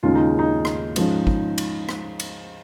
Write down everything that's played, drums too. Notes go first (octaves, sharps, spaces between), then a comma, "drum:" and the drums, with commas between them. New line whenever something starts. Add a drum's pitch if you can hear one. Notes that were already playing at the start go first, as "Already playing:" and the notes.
D#2 C#3 G#3 C#4 F4
D#4
D#4
drum: rim click
G#2 F3 C#4, drum: cymbal
drum: kick
drum: cymbal
drum: rim click
drum: cymbal